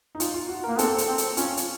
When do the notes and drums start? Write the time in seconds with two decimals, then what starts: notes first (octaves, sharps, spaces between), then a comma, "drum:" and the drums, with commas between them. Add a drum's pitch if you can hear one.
0.15 D#4
0.20 F4, drum: hi-hat
0.34 F4
0.48 F#4
0.64 A#3 A#4
0.79 C4 A4, drum: hi-hat
0.98 drum: hi-hat
1.08 C4
1.18 drum: hi-hat
1.37 C#4 F4, drum: hi-hat
1.57 drum: hi-hat